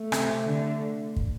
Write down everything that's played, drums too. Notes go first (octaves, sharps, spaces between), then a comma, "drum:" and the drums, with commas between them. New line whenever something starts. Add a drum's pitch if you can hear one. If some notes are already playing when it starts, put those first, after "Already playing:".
Already playing: A3
C3, drum: rim click
D3
drum: kick